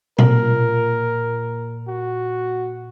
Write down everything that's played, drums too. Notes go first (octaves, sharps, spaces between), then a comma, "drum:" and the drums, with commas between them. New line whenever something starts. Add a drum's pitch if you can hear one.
A#2 A#4, drum: tom B2
F#4